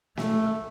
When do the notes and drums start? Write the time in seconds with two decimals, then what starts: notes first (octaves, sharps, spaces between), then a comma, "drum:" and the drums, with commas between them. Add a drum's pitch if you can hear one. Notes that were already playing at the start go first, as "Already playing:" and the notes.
0.17 A3, drum: snare